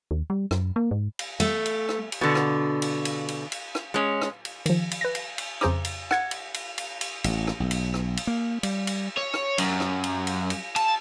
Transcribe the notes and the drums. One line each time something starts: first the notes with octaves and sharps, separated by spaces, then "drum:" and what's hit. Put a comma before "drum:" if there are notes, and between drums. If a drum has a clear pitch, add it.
D#2
G3
F#2, drum: rim click
A#3
G#2
drum: cymbal
A3, drum: cymbal
drum: cymbal
drum: rim click
drum: cymbal
B2 D3
drum: rim click
drum: cymbal
drum: cymbal
drum: cymbal
drum: cymbal
drum: rim click
G#3 C#4
drum: rim click
drum: cymbal
D#3 F3, drum: cymbal
drum: cymbal
B4 A#6
drum: cymbal
drum: cymbal
F2 C#3 G#4 C5 A#5 D6, drum: rim click
drum: cymbal
F#5 G#6 C#7, drum: rim click
drum: cymbal
drum: cymbal
drum: cymbal
drum: cymbal
A1, drum: cymbal
drum: rim click
B1
drum: cymbal
drum: rim click
drum: cymbal
A#3
G3, drum: cymbal
drum: cymbal
C#5
drum: rim click
F#2, drum: cymbal
drum: rim click
drum: cymbal
drum: cymbal
drum: cymbal
A5, drum: cymbal